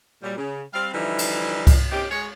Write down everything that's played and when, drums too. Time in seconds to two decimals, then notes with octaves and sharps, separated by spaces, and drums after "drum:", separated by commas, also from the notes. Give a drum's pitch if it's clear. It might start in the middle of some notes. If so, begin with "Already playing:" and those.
0.23 A#2 F#3 G3
0.38 C#3
0.74 G3 C4 F5
0.94 D3 E3 F3 G3 D#4 E4
1.19 drum: cymbal
1.67 drum: kick C2, cymbal
1.91 A#3 C4 C#4 D#4 G4
2.11 G#3 C#5